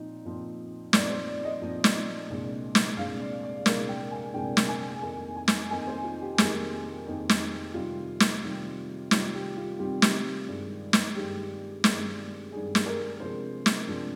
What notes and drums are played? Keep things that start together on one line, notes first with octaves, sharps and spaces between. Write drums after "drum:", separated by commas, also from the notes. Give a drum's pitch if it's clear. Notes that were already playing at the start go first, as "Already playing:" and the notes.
Already playing: A#2 F3 C4 D#4
A#2 F3 C4 D#4
A#2 F3 C4 D#4 D5, drum: snare
C5
D5
D#5
A#2 F3 C4 D#4
drum: snare
C2 A#2 G#3 D4
drum: snare
C2 A#2 G#3 D4 F5
D5
D5
C2 A#2 G#3 D4 A#4, drum: snare
G5
G#5
C2 A#2 G#3 D4 G5
drum: snare
G#5
F2 D#3 A#3 D#4 G#5
G#5
drum: snare
F2 D#3 A#3 D#4 G#5
C5
F4
G4
F2 D#3 A#3 D#4 G#4, drum: snare
F2 D#3 A#3 D#4
drum: snare
C3 D#3 G3 C4 F4
drum: snare
C3 D#3 G3 C4
C3 D#3 G3 C4 F4, drum: snare
G4
F4
C3 D#3 G3 C4 G4
drum: snare
G2 D#3 G#3
drum: snare
G2 D#3 G#3 G4
G2 D#3 G#3, drum: snare
G2 D#3 G#3 G#4
drum: snare
A#4
C3 F3 G#3 D4 C5
drum: snare
C3 F3 G#3 D4